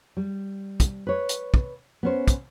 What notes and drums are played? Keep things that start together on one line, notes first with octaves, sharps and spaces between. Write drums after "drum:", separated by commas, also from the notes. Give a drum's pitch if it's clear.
G3
drum: kick, hi-hat
B4 C#5
drum: hi-hat
drum: kick
B3 C#4 C5
drum: kick, hi-hat